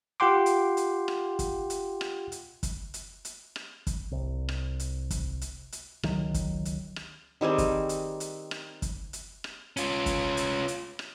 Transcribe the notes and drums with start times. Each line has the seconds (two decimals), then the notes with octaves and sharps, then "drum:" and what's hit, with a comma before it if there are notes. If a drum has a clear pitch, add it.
0.20 F4 G4 F#5 G5 C6 D6
0.46 drum: hi-hat
0.77 drum: hi-hat
1.08 drum: rim click
1.39 drum: kick, hi-hat
1.70 drum: hi-hat
2.01 drum: rim click
2.32 drum: hi-hat
2.63 drum: kick, hi-hat
2.94 drum: hi-hat
3.25 drum: hi-hat
3.56 drum: rim click
3.87 drum: kick, hi-hat
4.11 C2
4.49 drum: rim click
4.80 drum: hi-hat
5.11 drum: kick, hi-hat
5.41 drum: hi-hat
5.72 drum: hi-hat
6.03 C#2 D#3 F#3, drum: rim click
6.34 drum: kick, hi-hat
6.65 drum: hi-hat
6.96 drum: rim click
7.41 D#3 G3 C4 G#4
7.58 drum: kick, hi-hat
7.89 drum: hi-hat
8.20 drum: hi-hat
8.51 drum: rim click
8.82 drum: kick, hi-hat
9.13 drum: hi-hat
9.44 drum: rim click
9.77 C#4 F4, drum: hi-hat
10.06 drum: kick, hi-hat
10.37 drum: hi-hat
10.68 drum: hi-hat
10.99 drum: rim click